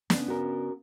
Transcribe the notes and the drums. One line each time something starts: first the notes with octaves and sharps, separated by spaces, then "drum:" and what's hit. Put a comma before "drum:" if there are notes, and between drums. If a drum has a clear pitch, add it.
C#3 B3 D4, drum: snare
F#4 A#4